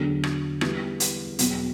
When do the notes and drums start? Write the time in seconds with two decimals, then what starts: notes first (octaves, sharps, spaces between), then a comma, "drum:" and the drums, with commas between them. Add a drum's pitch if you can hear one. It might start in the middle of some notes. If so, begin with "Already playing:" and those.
Already playing: E2 D3 F#3
0.23 drum: rim click
0.61 E3 G3 B3, drum: rim click
1.00 drum: hi-hat
1.39 E2 B2 F#3, drum: hi-hat